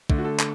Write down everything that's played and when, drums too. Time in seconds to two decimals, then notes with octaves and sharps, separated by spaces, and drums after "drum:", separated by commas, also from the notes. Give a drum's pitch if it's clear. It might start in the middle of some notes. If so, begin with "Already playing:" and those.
0.10 D3 A3, drum: kick
0.18 F#4
0.24 A4
0.40 drum: clap